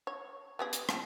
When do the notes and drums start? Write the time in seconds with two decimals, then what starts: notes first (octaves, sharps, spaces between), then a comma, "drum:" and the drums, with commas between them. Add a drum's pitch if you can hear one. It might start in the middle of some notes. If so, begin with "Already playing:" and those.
0.07 C#5
0.59 B3 G4 G#4
0.73 drum: hi-hat
0.89 F3 G3, drum: rim click